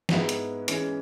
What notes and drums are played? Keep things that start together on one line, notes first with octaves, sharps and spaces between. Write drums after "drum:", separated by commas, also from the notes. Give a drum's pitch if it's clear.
G#2 G#3 B3 E4, drum: snare
drum: hi-hat
E3 G#3 C#4, drum: hi-hat